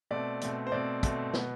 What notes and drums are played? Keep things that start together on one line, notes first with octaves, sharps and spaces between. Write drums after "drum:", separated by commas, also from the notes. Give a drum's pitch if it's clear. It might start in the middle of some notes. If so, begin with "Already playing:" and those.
B2 A3 C4 D5
B2 A3 C4, drum: hi-hat
C5
B2 A3 C4 D5
B2 A3 C4, drum: kick, hi-hat
B2 B3, drum: snare